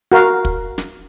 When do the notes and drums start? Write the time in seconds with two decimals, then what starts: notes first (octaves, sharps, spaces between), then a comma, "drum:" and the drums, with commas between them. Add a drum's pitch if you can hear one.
0.12 F#4 A#4 F5
0.45 drum: kick
0.78 drum: snare